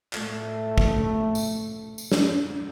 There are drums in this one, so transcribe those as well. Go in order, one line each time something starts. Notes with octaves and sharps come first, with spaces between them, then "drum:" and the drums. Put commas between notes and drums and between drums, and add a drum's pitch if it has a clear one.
A2 A3, drum: clap
drum: kick
drum: tambourine
drum: tambourine
drum: snare